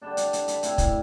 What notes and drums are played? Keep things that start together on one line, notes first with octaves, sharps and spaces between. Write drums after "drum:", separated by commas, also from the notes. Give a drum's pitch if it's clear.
D3 G3 D4 A5
A5, drum: hi-hat
A5, drum: hi-hat
B5, drum: hi-hat
A2 G3 C4 E4, drum: hi-hat
drum: kick, hi-hat